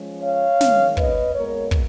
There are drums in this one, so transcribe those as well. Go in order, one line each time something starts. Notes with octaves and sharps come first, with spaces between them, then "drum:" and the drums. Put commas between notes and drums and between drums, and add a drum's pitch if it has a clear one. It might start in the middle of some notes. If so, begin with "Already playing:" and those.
Already playing: F3 G#3 C#4
C#5 F5
D#3 G#3 C#4, drum: snare
B4 D#5, drum: kick
A#2 G#3 B3 A#4 C#5
drum: kick